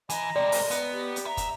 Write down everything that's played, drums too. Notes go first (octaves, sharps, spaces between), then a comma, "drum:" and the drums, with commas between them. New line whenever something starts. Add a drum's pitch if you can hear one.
E3 D#5 A#5 B5, drum: hi-hat
C3 G#3 D5
drum: open hi-hat
B3, drum: hi-hat
G4
drum: hi-hat
E5 A#5
drum: kick, hi-hat